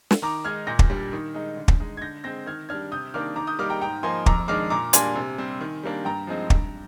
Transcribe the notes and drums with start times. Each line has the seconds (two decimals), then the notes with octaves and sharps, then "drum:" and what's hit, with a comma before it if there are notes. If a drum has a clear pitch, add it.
0.11 drum: snare
0.22 D#3 A#5 D6
0.45 G#3 D#4 F6 G#6
0.67 A#2 G6 A#6
0.79 drum: kick
0.90 G3 D4
1.13 D#3
1.34 G#3 D#4
1.57 D3
1.68 drum: kick
1.80 G#3 D#4
1.97 G#6
2.01 D3 G6 A#6
2.24 G#3 C4 G6 A#6
2.46 D#3 F6 G#6
2.69 G3 D4 F6 G#6
2.92 C3 D#6 G6
3.14 D#3 A#3 D4 D6 F6
3.36 D#3 A#5 D6
3.47 D#6 G6
3.59 G3 A#3 D#4 D6 F6
3.70 G5 A#5
3.81 G#2 G5 A#5
4.03 F3 A#3 D#4 G#5 C6
4.26 F2 A#5 D6, drum: kick
4.48 D#3 G#3 D4 D6 F6
4.70 A#2 A#5 D6
4.93 G3 A#3 D4 G#5 C6, drum: hi-hat
5.15 C3
5.38 G3 C4
5.61 D#3
5.83 G3 A#3 D4
6.05 G2 G5 A#5
6.27 F3 G#3 C4 D#4
6.50 G2, drum: kick